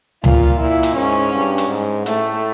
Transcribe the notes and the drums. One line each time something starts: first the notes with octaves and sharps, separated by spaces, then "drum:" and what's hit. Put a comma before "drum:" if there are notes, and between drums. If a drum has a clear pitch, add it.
A#2 F4, drum: tom C#2
A#2 E4
drum: hi-hat
G#2 C#4
G2
drum: hi-hat
G#2
A2 A3, drum: hi-hat